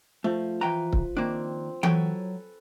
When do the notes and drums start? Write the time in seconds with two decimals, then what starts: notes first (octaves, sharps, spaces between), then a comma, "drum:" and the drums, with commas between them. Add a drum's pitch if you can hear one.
0.24 F3 A3
0.61 E3 B4 G5 A#5
0.93 drum: kick C#1
1.17 D#3 A#3 C4 D4
1.83 F#3 A4 B4 C#5 G5 G#5, drum: tom E3